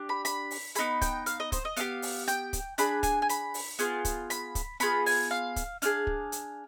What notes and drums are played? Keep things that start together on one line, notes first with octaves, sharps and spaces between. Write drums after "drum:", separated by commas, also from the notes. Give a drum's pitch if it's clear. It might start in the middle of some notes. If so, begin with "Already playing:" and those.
Already playing: D4 G4
B5
B5, drum: hi-hat
drum: open hi-hat
B3 D#4 G#4 B5, drum: hi-hat
G5, drum: kick, hi-hat
F5, drum: hi-hat
D#5
C5, drum: kick, hi-hat
D#5
B3 D4 G4 F5, drum: hi-hat
drum: open hi-hat
G5, drum: hi-hat
drum: kick, hi-hat
D4 G#4 B5, drum: hi-hat
G#5, drum: kick, hi-hat
G#5
B5, drum: hi-hat
drum: open hi-hat
B3 F4 G#4, drum: hi-hat
drum: kick, hi-hat
B5, drum: hi-hat
drum: kick, hi-hat
B3 F4 G#4 B5, drum: hi-hat
G#5, drum: open hi-hat
F5
drum: kick, hi-hat
D4 F4 G#4 F5, drum: hi-hat
drum: kick
drum: hi-hat